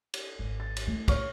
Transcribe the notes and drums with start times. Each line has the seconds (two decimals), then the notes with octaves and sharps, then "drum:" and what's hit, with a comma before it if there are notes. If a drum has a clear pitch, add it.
0.14 drum: cymbal
0.39 G#1
0.60 A6
0.76 drum: cymbal
0.87 A3 E4
1.08 C#5 C#6 F6, drum: kick, cymbal